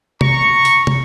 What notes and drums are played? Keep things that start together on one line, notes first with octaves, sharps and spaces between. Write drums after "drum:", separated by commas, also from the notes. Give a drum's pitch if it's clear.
A#5 C#6, drum: tom
drum: open hi-hat
drum: tom